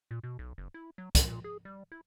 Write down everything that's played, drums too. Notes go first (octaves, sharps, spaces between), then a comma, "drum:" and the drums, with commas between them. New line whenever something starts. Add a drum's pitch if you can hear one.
A#2
B2
B1
F#1
E4
F#3
D3, drum: kick, hi-hat
A#2
G#4
G3
E4